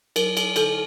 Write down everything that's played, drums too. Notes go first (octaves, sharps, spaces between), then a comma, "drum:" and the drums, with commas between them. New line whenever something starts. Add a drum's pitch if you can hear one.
F#3 A#4, drum: cymbal
F#3, drum: cymbal
D3 A4, drum: cymbal